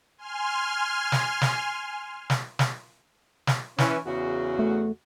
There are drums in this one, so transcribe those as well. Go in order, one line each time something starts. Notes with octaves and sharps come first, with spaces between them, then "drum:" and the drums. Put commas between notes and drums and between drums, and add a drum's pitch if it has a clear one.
G#5 C6 F6
drum: snare
drum: snare
drum: snare
drum: snare
drum: snare
E3 C#4, drum: snare
E2 C#3 F#4
A3